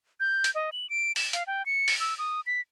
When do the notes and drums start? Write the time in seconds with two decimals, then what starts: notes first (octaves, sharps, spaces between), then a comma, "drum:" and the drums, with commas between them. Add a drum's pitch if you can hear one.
0.20 G6
0.44 drum: hi-hat
0.55 D#5
0.72 F#7
0.90 D7
1.16 E7, drum: open hi-hat
1.33 F5, drum: hi-hat
1.47 G5
1.66 C#7
1.88 drum: open hi-hat
2.00 E6
2.18 D#6
2.46 B6